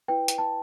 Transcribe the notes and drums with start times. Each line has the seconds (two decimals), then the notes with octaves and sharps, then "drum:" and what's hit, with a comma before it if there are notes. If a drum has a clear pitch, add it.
0.08 E4 B4 G5
0.28 drum: hi-hat
0.38 A5